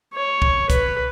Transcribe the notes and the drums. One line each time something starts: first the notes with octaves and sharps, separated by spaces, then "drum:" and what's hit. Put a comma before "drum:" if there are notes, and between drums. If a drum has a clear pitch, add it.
C#5
drum: kick
B4, drum: kick, hi-hat